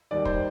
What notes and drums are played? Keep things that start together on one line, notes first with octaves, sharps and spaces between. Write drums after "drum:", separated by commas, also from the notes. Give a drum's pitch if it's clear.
D#2 D#3 G3 D5
C5, drum: kick